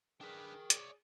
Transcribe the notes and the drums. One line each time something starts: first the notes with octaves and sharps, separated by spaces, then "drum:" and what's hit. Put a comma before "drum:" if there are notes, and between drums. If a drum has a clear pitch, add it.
D4 G#4 A#4 B4 G5
C#5 D5, drum: hi-hat